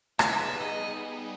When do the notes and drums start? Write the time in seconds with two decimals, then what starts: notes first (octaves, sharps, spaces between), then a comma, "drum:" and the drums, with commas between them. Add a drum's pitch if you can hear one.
0.19 F5, drum: rim click
0.30 G3 B3 D#4 G#4 B4 E5
0.61 D#5